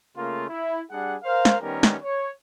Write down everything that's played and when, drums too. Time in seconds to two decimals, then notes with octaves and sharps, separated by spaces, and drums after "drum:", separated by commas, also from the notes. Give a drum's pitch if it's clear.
0.17 C#3 A3 A#3 F4
0.49 E4
0.91 G3 D4 G#4 F#5
1.24 A#4 C5 F5
1.45 drum: snare
1.61 D#3 G3 B3 C#4 A#4
1.83 drum: snare
2.02 C#5